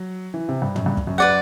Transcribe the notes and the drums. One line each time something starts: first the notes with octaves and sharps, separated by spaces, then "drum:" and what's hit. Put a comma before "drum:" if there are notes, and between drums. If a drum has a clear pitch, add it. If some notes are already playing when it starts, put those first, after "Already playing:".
Already playing: F#3
E3
C3
G2
F#2, drum: tom
G2
drum: kick
F#2
B4 D5 F#5